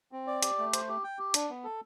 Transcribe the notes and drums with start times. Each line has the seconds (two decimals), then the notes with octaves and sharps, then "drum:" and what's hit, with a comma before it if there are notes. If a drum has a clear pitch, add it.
0.12 C4
0.27 D5
0.43 G4, drum: hi-hat
0.58 A3
0.74 C5, drum: hi-hat
0.89 G4
1.04 G5
1.19 G4
1.34 D4, drum: hi-hat
1.50 B3
1.64 A4